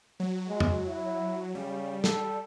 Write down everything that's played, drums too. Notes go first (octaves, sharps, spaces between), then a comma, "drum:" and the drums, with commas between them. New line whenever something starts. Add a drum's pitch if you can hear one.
F#3
G#3
drum: tom
E4
C#3 G3
A4, drum: snare